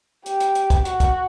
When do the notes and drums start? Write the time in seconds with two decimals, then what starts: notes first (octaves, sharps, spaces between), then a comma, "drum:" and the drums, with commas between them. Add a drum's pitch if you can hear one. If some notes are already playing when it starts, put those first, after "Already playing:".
0.26 G4, drum: hi-hat
0.40 drum: hi-hat
0.55 drum: hi-hat
0.70 drum: kick, hi-hat
0.85 F#4, drum: hi-hat
1.00 drum: kick, hi-hat